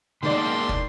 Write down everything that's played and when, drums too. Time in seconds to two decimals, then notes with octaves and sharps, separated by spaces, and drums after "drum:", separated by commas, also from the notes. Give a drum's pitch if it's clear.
0.23 B2 D#3 G#3 A#3 D4 D5 G5 C6
0.69 drum: kick